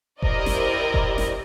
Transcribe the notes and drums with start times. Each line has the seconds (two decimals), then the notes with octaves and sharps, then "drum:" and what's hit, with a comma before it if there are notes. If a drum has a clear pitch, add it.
0.22 E4 G4 A#4 C5 D5 D#5, drum: kick F1
0.46 drum: snare G1
0.94 drum: kick F1
1.18 drum: snare G1